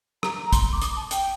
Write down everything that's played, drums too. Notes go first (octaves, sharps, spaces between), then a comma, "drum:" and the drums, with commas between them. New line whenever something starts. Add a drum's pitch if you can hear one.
A#5, drum: rim click
A#5
C6, drum: kick, hi-hat
D6
D#6, drum: hi-hat
A5
G5, drum: hi-hat